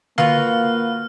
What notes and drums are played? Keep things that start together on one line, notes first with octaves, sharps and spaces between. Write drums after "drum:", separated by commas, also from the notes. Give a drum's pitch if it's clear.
A#3 F4 F#4 B4 F5 F6, drum: tom D3